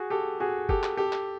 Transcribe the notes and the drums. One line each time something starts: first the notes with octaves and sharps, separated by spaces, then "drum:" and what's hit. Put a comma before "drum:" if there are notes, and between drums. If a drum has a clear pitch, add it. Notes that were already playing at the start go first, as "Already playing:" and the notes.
Already playing: F#4 G#4
G4 A4
F#4 G#4
G4 A4, drum: kick
drum: clap
G4 A4
drum: clap